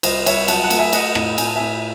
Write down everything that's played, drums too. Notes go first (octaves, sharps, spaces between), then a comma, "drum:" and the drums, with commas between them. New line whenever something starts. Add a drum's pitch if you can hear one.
C2 C5 D#5, drum: cymbal
C2 C#5 E5, drum: cymbal
F#3 F#5 A5, drum: cymbal
F#5 A5
A3, drum: cymbal
E5 G#5
A3 D#5 F#5, drum: cymbal
A2, drum: rim click
A2 G#5, drum: cymbal
A5
A2 E5 G#5